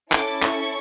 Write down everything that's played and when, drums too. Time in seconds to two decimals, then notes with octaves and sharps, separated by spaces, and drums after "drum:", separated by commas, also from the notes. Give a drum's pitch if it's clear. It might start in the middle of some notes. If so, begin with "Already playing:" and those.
0.12 C#4 E4 A4 D6, drum: clap
0.42 C#6, drum: clap